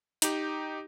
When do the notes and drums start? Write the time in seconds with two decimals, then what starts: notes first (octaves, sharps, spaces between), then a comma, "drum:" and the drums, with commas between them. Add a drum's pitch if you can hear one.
0.22 D#4 G4, drum: hi-hat